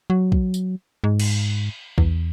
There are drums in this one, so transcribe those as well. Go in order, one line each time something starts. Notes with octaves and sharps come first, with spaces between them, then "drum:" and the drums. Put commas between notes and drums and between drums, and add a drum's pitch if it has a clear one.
F#3
drum: kick
drum: tambourine
G#2
drum: cymbal
E2, drum: kick